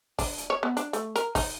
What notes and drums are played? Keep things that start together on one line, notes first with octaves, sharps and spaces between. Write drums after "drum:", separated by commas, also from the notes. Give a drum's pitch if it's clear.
D4, drum: kick, open hi-hat
drum: hi-hat
C#5
B3
D4, drum: hi-hat
A3, drum: hi-hat
A#4, drum: hi-hat
D#4, drum: kick, open hi-hat